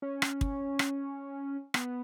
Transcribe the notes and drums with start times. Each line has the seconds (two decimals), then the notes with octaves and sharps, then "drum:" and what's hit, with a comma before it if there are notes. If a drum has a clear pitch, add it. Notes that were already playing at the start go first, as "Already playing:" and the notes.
0.02 C#4
0.22 drum: rim click
0.41 drum: kick
0.79 drum: rim click
1.74 B3, drum: rim click